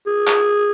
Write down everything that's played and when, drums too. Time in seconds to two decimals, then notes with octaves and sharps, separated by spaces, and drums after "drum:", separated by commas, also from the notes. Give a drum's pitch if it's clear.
0.07 G#4
0.27 drum: clap